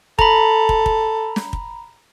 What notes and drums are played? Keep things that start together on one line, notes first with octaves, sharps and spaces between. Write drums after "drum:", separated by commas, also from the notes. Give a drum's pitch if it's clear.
A4 A#5 B5, drum: kick
drum: kick
drum: kick
drum: snare
drum: kick